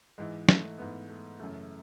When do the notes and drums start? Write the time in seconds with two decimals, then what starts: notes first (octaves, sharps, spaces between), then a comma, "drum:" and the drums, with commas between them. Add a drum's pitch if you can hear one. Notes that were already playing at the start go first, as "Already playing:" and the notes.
0.18 G#2 E3 G#3
0.49 A3, drum: snare
0.78 G#2 E3 B3
1.09 A3
1.39 F#2 C#3 E3 A3